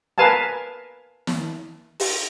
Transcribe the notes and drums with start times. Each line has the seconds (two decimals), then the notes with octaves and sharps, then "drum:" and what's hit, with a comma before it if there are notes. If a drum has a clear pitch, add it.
0.18 A#4 B4 F5 G#5 A5
1.27 drum: snare
2.00 drum: open hi-hat